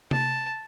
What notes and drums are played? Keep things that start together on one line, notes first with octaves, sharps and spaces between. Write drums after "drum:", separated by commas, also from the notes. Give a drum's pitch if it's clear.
A5, drum: tom C3